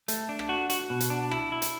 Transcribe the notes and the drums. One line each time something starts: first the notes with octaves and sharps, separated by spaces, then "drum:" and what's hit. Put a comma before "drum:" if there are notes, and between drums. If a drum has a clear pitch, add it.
A3, drum: hi-hat
D4
drum: rim click
F#4
F#4, drum: hi-hat
B2
drum: hi-hat
D4
E4, drum: rim click
E4
drum: hi-hat